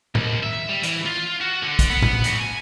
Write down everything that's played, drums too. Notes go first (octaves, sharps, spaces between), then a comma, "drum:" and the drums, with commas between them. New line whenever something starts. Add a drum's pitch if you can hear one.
D#2, drum: tom A2
E5
G3
E3, drum: hi-hat
F4
F#4
D3
drum: kick, hi-hat
B3
drum: tom A2
D2, drum: hi-hat
G#5